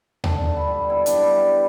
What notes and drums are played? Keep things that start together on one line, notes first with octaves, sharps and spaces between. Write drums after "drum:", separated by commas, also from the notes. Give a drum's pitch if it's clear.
D3 A4, drum: tom D#2
D3
B4
G3
B3 E4
D4, drum: hi-hat
G3
E4
G3